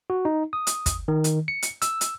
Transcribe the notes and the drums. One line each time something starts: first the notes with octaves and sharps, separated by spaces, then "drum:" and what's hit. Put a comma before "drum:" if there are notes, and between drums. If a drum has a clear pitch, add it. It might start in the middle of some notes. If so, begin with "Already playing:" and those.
F#4
D#4
D#6
drum: hi-hat
drum: kick, hi-hat
D#3
drum: hi-hat
C#7
drum: hi-hat
E6, drum: hi-hat
drum: hi-hat